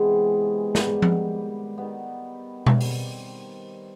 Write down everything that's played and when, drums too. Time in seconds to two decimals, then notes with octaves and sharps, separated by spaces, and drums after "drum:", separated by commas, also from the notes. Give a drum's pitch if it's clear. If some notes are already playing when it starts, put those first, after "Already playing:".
Already playing: C3 E3 G#3 B3
0.75 G#2 D#3 G3 B3, drum: snare
1.02 drum: tom F3
1.78 D#3 G3 B3
2.66 drum: tom B2
2.81 D#3 G3 C4, drum: open hi-hat